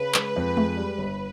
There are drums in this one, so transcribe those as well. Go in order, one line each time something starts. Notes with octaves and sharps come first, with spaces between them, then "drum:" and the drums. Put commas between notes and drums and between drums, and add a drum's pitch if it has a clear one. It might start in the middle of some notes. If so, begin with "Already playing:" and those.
Already playing: C#3 B4
G#3, drum: clap
F2
G#3, drum: tom G#3
G3
G1